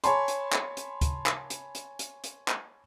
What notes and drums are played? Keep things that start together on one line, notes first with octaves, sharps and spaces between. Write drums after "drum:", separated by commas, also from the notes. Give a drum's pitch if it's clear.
C#5 G#5 A5 B5 C6, drum: hi-hat
drum: hi-hat
drum: clap
drum: hi-hat
drum: kick D2, hi-hat
drum: clap
drum: hi-hat
drum: hi-hat
drum: hi-hat
drum: hi-hat
drum: clap